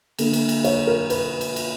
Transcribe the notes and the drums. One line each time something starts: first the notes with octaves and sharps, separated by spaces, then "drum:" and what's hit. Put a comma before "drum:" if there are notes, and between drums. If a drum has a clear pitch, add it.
D3 A#3, drum: cymbal
drum: cymbal
drum: cymbal
C#5, drum: cymbal
A#4
B4, drum: cymbal
drum: cymbal
drum: cymbal